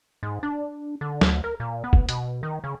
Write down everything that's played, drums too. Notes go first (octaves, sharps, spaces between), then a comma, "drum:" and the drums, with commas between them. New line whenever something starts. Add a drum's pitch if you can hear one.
G#2
D4
D3
D2, drum: snare
A#4
A#2
B3
drum: kick
B2, drum: hi-hat
D#3
C#3